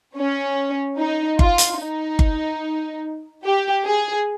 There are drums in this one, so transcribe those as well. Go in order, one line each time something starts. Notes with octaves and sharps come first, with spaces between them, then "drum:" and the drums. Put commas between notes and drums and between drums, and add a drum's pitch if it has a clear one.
C#4
D#4
F4, drum: kick G1
drum: hi-hat
D#4
drum: kick G1
G4
G#4